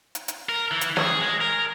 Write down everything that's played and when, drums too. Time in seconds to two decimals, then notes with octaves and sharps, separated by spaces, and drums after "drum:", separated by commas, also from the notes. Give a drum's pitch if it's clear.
0.15 drum: hi-hat
0.28 drum: hi-hat
0.49 A#4
0.71 E3
0.81 drum: hi-hat
0.97 G#4, drum: snare
1.21 G#3
1.41 A#4